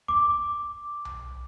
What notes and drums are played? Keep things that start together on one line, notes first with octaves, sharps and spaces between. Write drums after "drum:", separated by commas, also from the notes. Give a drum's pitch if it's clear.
D6, drum: kick E1
drum: tom B1